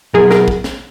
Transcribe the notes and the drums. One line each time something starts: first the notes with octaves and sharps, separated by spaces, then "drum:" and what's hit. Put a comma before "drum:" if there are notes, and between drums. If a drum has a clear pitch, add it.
B2 F#3 B3 E4 G#4 A#4
G#4 A#4, drum: snare
drum: kick A#1
drum: snare